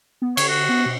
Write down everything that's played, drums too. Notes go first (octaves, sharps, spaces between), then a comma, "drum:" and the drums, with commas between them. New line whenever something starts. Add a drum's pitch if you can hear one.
B3
D3 C#5, drum: cymbal
F#4
B3
B2